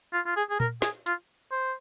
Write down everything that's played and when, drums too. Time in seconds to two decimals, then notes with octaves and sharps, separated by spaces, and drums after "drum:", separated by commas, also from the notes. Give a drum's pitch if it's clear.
0.13 F4
0.26 F4
0.36 G#4
0.50 G#4
0.60 A#4, drum: tom A#2
0.82 G#4, drum: snare
1.06 F4, drum: hi-hat
1.52 C5